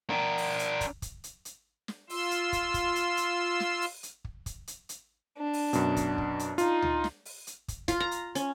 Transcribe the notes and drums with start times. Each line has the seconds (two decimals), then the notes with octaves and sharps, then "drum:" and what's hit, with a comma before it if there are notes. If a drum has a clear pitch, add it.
0.10 D4 A#4
0.38 drum: open hi-hat
0.59 drum: hi-hat
0.81 drum: kick, hi-hat
1.02 drum: kick, hi-hat
1.24 drum: hi-hat
1.45 drum: hi-hat
1.88 drum: snare
2.10 F4 C6 E6, drum: open hi-hat
2.31 drum: hi-hat
2.53 drum: kick, hi-hat
2.74 drum: kick, hi-hat
2.96 drum: hi-hat
3.17 drum: hi-hat
3.60 drum: snare
3.82 drum: open hi-hat
4.03 drum: hi-hat
4.24 drum: kick
4.46 drum: kick, hi-hat
4.67 drum: hi-hat
4.89 drum: hi-hat
5.38 D4
5.53 drum: open hi-hat
5.73 F#2 B2, drum: hi-hat
5.96 drum: kick, hi-hat
6.18 drum: kick
6.39 drum: hi-hat
6.58 D#4 F4, drum: hi-hat
6.82 drum: tom C#2
7.04 drum: snare
7.25 drum: open hi-hat
7.47 drum: hi-hat
7.68 drum: kick, hi-hat
7.88 F4, drum: kick, hi-hat
8.00 A#5
8.11 drum: hi-hat
8.35 C#4, drum: hi-hat